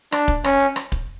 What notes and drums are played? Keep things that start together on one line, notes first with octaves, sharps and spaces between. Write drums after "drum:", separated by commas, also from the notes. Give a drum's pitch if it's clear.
D4, drum: rim click
drum: kick, hi-hat
C#4, drum: rim click
drum: hi-hat
drum: rim click
drum: kick, hi-hat